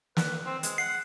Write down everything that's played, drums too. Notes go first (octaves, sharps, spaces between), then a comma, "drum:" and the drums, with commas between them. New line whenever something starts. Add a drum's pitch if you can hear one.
B4, drum: snare
C4
G#3, drum: hi-hat
F#5 C7